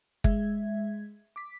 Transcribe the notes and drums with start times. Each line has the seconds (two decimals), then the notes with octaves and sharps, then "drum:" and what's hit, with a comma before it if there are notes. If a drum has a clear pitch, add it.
0.24 G#3 E5 G#6, drum: kick
1.36 D6 B6